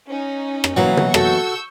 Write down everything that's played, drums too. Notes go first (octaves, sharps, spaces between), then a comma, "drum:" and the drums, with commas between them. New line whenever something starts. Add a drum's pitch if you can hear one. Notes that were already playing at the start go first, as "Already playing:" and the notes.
C#4 D#4
drum: rim click
B2 E3 F#3 A#3
drum: tom
F#4 A4 C#6 E6 G6, drum: rim click